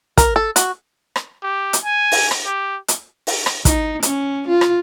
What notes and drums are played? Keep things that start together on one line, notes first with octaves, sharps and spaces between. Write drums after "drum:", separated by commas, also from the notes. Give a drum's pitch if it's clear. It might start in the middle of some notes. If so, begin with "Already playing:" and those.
A#4, drum: kick, hi-hat
A4
F#4, drum: hi-hat
drum: rim click
G4
drum: hi-hat
G#5
drum: open hi-hat
drum: rim click
G4
drum: hi-hat
drum: open hi-hat
drum: rim click
D#4, drum: kick, hi-hat
C#4, drum: hi-hat
F4
drum: rim click